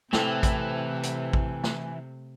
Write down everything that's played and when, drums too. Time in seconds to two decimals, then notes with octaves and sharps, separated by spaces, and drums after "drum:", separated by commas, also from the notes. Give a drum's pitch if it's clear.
0.13 A2 C3 E3 A3 C4 A4, drum: snare
0.43 drum: kick A1, hi-hat
1.03 drum: hi-hat
1.33 drum: kick A1
1.64 drum: snare